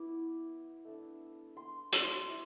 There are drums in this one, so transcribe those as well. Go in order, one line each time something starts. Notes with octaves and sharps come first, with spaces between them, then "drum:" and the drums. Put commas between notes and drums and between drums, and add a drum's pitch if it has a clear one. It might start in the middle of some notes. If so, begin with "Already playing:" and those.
Already playing: B3 E4 D6
A3 D4
C6
C6, drum: hi-hat
E4 D6